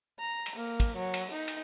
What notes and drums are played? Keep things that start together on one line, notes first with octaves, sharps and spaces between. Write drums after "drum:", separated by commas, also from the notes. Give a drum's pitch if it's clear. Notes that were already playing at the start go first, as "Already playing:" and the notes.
A#5
drum: cymbal
A#3
drum: kick, cymbal
F#3
drum: cymbal
D#4
drum: cymbal